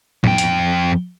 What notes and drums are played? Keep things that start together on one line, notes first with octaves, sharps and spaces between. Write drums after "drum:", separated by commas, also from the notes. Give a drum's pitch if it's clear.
F2 G5, drum: tom
drum: hi-hat